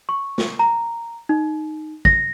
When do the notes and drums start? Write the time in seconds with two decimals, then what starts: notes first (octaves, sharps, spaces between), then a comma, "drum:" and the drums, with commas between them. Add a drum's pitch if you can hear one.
0.09 C#6
0.38 drum: snare
0.59 A#5
1.29 D#4
2.05 A#6, drum: kick